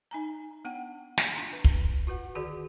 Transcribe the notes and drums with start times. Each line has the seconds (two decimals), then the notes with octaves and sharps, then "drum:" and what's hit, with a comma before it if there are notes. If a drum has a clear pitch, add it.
0.11 D#4 G#5 A#5
0.65 B3 D4 F#5 G5
1.18 drum: snare
1.35 D4 F4 A#5 C6
1.53 B4
1.64 drum: kick
2.07 F4 F#4 B4 F#5
2.35 D3 D#3 F#4 G#4 B4 D5